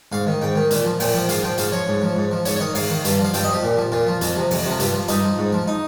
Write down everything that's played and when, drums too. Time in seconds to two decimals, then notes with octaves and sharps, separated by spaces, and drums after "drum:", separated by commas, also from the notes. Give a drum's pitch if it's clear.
0.12 G#2 F5
0.27 D#3
0.41 G#2 G5
0.55 D#3
0.71 A#2, drum: hi-hat
0.85 F3
1.00 A#2 G5, drum: open hi-hat
1.14 F3 G5
1.29 G#2 F5, drum: hi-hat
1.43 F3 G5
1.58 G#2 F5, drum: hi-hat
1.72 F3 C#5
1.87 G#2
2.02 F3
2.16 G#2
2.31 F3
2.45 G#2 C#5, drum: hi-hat
2.56 C#5
2.60 D#3 D#5
2.75 G#2 F5, drum: open hi-hat
2.90 D#3
3.05 G2, drum: hi-hat
3.19 F3
3.25 F5
3.34 G2 G5, drum: hi-hat
3.43 D#5
3.48 F3 G4
3.63 A#2
3.77 F3
3.92 A#2 F4
4.07 F3
4.21 F2, drum: hi-hat
4.36 C3 F3
4.51 F2, drum: open hi-hat
4.65 C3 F3
4.80 G2, drum: hi-hat
4.94 F3
5.08 G2 D#4, drum: hi-hat
5.23 F3
5.38 G#2
5.53 F3
5.68 D#4